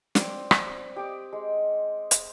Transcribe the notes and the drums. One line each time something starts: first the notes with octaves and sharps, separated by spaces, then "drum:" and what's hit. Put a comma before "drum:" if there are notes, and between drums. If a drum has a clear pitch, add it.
C4 D5, drum: snare
drum: rim click
G4 D6 D#6
G#3
drum: hi-hat